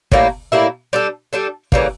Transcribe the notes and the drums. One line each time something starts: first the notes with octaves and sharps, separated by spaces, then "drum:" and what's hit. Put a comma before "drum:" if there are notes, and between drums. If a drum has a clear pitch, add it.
A2 G3 A#3 E4, drum: kick
A2 G3 A#3 E4
G3 D4 A4
G3 D4 A4
C#3 E3 G3 A#3, drum: kick